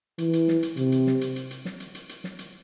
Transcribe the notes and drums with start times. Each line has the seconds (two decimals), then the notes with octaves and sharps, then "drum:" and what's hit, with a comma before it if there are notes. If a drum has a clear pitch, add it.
0.18 E3, drum: hi-hat
0.33 drum: hi-hat
0.48 drum: snare
0.63 drum: hi-hat
0.77 C3, drum: hi-hat
0.92 drum: hi-hat
1.07 drum: snare
1.21 drum: hi-hat
1.36 drum: hi-hat
1.51 drum: hi-hat
1.65 drum: snare
1.80 drum: hi-hat
1.95 drum: hi-hat
2.09 drum: hi-hat
2.24 drum: snare
2.39 drum: hi-hat